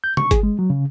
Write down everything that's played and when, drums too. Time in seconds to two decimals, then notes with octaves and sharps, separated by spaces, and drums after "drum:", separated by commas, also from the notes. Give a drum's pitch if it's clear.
0.04 G6
0.17 C#6, drum: tom C3
0.31 G#4, drum: kick G1, hi-hat
0.43 G#3
0.59 F#3
0.70 C#3